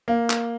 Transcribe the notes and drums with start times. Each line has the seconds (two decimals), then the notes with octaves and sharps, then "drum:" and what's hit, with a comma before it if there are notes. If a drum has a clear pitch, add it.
0.08 A#3
0.30 drum: clap